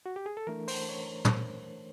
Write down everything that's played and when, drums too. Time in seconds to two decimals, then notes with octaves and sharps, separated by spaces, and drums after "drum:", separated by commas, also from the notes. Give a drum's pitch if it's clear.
0.06 F#4
0.16 G4
0.26 G#4
0.37 A4
0.47 E3 A3 D4 A#4
0.68 C5, drum: open hi-hat
0.89 C#5
1.25 drum: tom